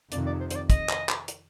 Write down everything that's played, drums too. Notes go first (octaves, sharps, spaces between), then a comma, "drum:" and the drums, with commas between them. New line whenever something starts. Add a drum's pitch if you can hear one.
F2 C3 D#3 D5, drum: hi-hat
D5
C5
C5, drum: hi-hat
D5
D#5, drum: kick, hi-hat
drum: clap
drum: clap
drum: hi-hat